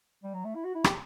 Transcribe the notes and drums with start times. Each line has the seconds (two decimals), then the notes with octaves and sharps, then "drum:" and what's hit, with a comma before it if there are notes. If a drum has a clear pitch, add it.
0.24 G3
0.34 F#3
0.45 A3
0.55 E4
0.64 F#4
0.75 E4
0.84 G4, drum: rim click